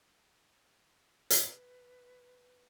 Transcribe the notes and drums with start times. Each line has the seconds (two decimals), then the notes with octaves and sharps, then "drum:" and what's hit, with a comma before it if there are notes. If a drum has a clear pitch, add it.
1.30 B4, drum: hi-hat